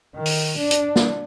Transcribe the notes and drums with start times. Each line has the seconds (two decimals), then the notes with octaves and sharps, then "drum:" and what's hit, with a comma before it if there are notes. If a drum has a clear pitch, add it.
0.15 D#3
0.26 drum: open hi-hat
0.58 D4
0.71 drum: hi-hat
0.96 drum: snare